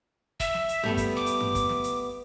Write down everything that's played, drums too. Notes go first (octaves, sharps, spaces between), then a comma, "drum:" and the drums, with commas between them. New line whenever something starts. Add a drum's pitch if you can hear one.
E5, drum: kick, hi-hat
drum: snare
drum: hi-hat
G3 A3 B3, drum: tom G2
drum: kick, hi-hat
D6
drum: hi-hat
drum: tom G2
drum: kick, hi-hat
drum: snare
drum: hi-hat